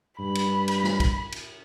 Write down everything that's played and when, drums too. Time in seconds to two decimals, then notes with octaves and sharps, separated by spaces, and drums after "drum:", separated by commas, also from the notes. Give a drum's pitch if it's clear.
0.19 G2 B5
0.35 drum: cymbal
0.68 drum: cymbal
0.84 drum: snare
1.00 drum: kick, cymbal
1.32 drum: cymbal